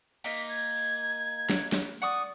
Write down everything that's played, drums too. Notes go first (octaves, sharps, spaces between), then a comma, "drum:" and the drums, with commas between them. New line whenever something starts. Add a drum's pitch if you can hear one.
A#3 D#4 B6, drum: cymbal
G#6
drum: open hi-hat
drum: snare
drum: snare
D5 F#5 C#6 D#6